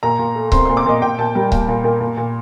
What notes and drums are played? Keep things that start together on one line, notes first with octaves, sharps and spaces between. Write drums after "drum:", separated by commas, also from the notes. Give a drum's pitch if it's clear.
A#2 A#5
A#2
A3
C4 C6, drum: kick C#1
A#2 C6
D6
A#2 D#5
A#2 G5
A#2 A5
G3 A#4
A#3, drum: kick C#1
A#2
A#2
A#2
A#2